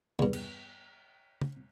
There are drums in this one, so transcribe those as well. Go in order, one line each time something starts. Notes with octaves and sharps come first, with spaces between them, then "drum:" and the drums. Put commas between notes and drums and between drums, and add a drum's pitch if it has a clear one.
E2 G2, drum: tom
drum: cymbal
drum: tom